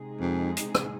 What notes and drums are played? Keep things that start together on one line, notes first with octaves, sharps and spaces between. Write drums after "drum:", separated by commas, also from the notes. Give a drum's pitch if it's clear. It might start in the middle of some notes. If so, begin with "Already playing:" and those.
Already playing: C3 G#3 D#4 G#4
F2
drum: hi-hat
drum: rim click